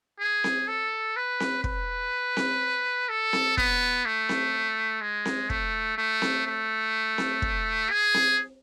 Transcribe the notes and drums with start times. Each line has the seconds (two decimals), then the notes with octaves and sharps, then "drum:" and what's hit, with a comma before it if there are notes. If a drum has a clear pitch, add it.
0.20 G#4
0.44 drum: snare C4
0.68 A4
1.16 B4
1.40 drum: snare C4
1.64 B4, drum: kick
2.37 drum: snare C4
3.09 A4
3.33 drum: snare C4
3.57 B3, drum: kick
4.05 A3
4.29 drum: snare C4
5.01 G#3
5.25 drum: snare C4
5.50 A3, drum: kick
5.98 A3
6.22 drum: snare C4
6.46 A3
7.18 drum: snare C4
7.42 drum: kick
7.90 G#4
8.14 drum: snare C4